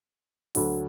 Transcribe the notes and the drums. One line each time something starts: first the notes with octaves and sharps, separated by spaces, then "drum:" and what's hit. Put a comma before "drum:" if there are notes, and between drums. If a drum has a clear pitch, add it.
D2 D3 F#3, drum: open hi-hat